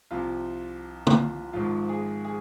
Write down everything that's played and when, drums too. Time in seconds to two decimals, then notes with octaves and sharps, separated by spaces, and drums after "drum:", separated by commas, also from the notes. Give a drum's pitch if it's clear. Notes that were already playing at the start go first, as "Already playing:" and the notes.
0.11 C2 C3 F3 F4
1.07 drum: tom
1.18 F4
1.53 G#1 G#2 F3 F4
1.89 G#4
2.25 G#4